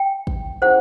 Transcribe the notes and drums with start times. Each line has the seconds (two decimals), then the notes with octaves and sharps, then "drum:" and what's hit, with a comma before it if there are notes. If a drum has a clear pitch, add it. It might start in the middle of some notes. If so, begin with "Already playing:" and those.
Already playing: G5
0.27 drum: kick
0.62 C#4 E4 G#4 C5 F#5